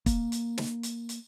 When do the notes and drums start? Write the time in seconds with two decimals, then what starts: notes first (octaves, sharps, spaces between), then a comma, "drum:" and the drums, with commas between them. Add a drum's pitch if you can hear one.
0.06 A#3, drum: kick, hi-hat
0.32 drum: hi-hat
0.58 drum: snare
0.83 drum: hi-hat
1.09 drum: hi-hat